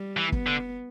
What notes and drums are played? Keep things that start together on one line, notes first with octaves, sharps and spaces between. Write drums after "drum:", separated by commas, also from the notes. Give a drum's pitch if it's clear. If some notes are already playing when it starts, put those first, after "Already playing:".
Already playing: G3
E3
B3, drum: kick
D3